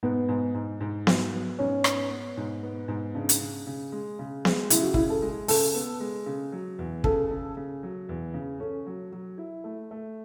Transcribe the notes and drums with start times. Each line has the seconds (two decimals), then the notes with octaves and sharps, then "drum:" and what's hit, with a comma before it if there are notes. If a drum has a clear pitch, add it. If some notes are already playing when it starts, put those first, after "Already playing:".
0.03 G#2 B3
0.29 G#2
0.55 G#2
0.81 G#2
1.07 F#3, drum: snare B3
1.33 B3
1.59 G#2 C#4
1.84 B3, drum: rim click
2.11 B3
2.37 G#2
2.63 B3
2.88 G#2
3.15 C#3 D4
3.29 drum: hi-hat
3.41 C#3
3.67 C#3
3.92 G#3
4.19 C#3
4.45 G#3, drum: snare B3
4.70 C#3 E4, drum: hi-hat
4.82 F#4
4.94 C#3 E4, drum: kick
5.10 A4
5.22 G#3
5.48 C#3 A4, drum: open hi-hat
5.74 B3
6.00 G#3
6.26 C#3
6.52 F#3
6.79 E2
7.04 C#3 A4, drum: kick
7.31 C#3
7.57 C#3
7.83 F#3
8.09 E2
8.34 C#3
8.60 C#4 A4
8.87 F#3
9.12 F#3
9.38 E4
9.64 A3
9.91 A3